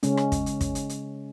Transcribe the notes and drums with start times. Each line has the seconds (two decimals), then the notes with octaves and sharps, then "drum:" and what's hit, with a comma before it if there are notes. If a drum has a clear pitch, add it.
0.03 C#3 G#3 C#4, drum: hi-hat
0.17 drum: rim click
0.32 drum: kick, hi-hat
0.46 drum: hi-hat
0.61 drum: kick, hi-hat
0.75 drum: hi-hat
0.89 drum: hi-hat